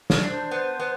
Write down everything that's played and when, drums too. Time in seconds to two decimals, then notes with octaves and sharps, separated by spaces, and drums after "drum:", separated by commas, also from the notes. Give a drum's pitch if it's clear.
0.10 drum: snare
0.23 D4 C5
0.51 B3
0.79 B3